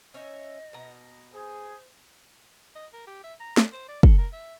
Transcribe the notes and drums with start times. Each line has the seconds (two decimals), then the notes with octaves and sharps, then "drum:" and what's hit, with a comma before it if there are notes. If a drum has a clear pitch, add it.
0.14 C#4 C#5 D#5 E5
0.73 B2 A#5
1.33 G#4 C5
2.75 D#5
2.93 A#4
3.07 G4
3.23 E5
3.40 A#5
3.57 D4, drum: snare
3.72 C5
3.88 D5
4.03 A4, drum: kick
4.18 A#4
4.32 E5